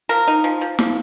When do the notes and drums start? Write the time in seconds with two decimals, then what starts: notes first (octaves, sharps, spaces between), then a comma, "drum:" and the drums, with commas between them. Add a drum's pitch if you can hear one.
0.09 F3 A#4
0.28 D#4
0.44 F3
0.61 F3
0.79 F3, drum: snare